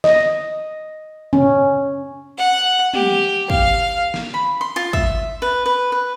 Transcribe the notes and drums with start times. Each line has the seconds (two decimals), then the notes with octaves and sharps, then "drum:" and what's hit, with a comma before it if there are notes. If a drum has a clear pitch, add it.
0.04 D#5, drum: snare
1.33 C#4, drum: tom
2.38 F#5
2.94 G4, drum: tom
3.50 F5, drum: kick
4.14 drum: snare
4.34 B5
4.61 C6
4.76 F4
4.93 E5, drum: kick
5.42 B4
5.66 B4
5.92 B4